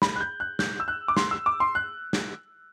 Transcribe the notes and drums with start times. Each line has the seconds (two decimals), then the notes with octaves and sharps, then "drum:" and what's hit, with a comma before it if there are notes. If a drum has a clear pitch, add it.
0.02 B5, drum: snare
0.16 F#6
0.20 G6
0.40 F#6
0.59 G6, drum: snare
0.80 E6
0.88 F#6
1.08 D6
1.17 C6, drum: snare
1.31 E6
1.46 D6
1.60 C6
1.75 F#6
2.13 drum: snare